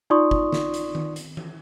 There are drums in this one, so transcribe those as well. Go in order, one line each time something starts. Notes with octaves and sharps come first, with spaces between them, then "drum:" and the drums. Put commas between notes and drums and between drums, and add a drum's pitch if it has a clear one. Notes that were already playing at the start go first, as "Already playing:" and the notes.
D#4 F4 D5 C6 C#6 D#6
drum: kick
drum: snare
drum: hi-hat
drum: tom D#3
drum: hi-hat
drum: tom E3